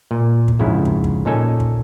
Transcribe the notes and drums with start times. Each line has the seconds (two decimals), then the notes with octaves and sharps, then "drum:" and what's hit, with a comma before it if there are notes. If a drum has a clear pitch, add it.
0.11 A#2
0.48 drum: kick
0.59 F2 G#2 C#3 E4
0.85 drum: kick
1.04 drum: kick
1.25 A#2 C#4 D#4 A4 G#5
1.60 drum: kick